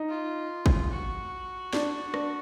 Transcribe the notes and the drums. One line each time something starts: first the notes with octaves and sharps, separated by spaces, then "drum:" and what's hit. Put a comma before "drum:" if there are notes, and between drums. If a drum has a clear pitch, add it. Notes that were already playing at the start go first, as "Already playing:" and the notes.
Already playing: D#4
F4
drum: kick
F#4
D4, drum: snare
D4, drum: rim click